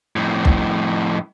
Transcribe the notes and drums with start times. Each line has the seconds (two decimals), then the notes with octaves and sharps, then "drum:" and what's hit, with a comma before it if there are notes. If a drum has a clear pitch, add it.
0.16 F2 A2
0.45 drum: kick